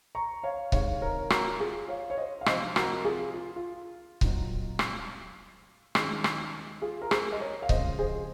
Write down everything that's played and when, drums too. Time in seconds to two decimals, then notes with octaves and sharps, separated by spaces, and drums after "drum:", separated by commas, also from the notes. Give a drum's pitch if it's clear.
0.15 A#5 C#6
0.43 C#5 F5
0.72 C3 D#3 G#3 C#5 F5, drum: kick C#1
1.01 A#4 C#5
1.30 F#4 A#4, drum: rim click
1.60 F4 G#4
1.88 C#5 F5
2.10 C#5
2.17 C5 D#5
2.41 F5
2.46 C3 F3 C4 D#4 C5 D#5, drum: rim click
2.76 F#4 A#4, drum: rim click
3.05 F4 G#4
3.34 F4
3.56 F4
4.21 A#2 F#3 C4 D#4, drum: kick C#1
4.79 drum: rim click
5.95 D#2 D#3 G#3 C#4, drum: rim click
6.24 drum: rim click
6.82 F4 G#4
7.02 A#4
7.11 G#4 C5, drum: rim click
7.32 D#5
7.40 A#4 C#5
7.62 F5
7.69 F2 C#3 F3 G#3 C5 D#5, drum: kick C#1
7.99 G#4 C5